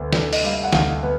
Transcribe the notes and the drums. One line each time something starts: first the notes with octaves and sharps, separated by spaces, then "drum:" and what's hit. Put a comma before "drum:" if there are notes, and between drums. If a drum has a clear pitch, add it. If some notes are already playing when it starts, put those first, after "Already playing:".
Already playing: D2 B3
D3 D5, drum: snare
D#5, drum: open hi-hat
G3 F5
E5
F#5
D2 F5, drum: snare
B3